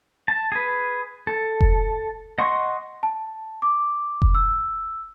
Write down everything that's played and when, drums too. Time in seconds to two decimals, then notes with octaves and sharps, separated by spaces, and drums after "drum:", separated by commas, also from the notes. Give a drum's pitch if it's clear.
0.28 A5
0.52 G#4 B4
1.27 A4
1.61 drum: kick F1
2.38 D#5 F#5 C6 C#6
3.03 A5
3.62 D6
4.22 drum: kick F1
4.35 E6